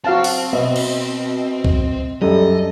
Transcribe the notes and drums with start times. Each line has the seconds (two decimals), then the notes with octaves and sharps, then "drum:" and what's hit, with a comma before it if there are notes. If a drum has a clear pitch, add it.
0.04 C4 F#4 F5 A5
0.24 drum: open hi-hat
0.53 B2 B3 D#5 E5
0.76 drum: cymbal
1.64 drum: kick C2
2.22 F#2 G3 A4 D#5